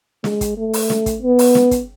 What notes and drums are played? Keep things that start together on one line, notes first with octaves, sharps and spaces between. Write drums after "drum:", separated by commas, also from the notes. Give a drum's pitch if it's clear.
G#3, drum: snare
drum: kick, hi-hat
A3
drum: open hi-hat
drum: snare
drum: kick, hi-hat
B3
drum: open hi-hat
drum: snare
drum: kick, hi-hat